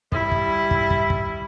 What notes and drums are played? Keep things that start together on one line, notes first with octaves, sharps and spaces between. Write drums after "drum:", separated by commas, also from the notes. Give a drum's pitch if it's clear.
G3 E4, drum: kick
drum: kick
drum: kick
drum: kick
drum: kick